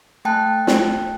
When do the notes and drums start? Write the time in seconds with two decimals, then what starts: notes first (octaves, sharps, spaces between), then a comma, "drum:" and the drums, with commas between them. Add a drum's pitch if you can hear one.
0.25 A3 G5 A5 F#6
0.67 drum: snare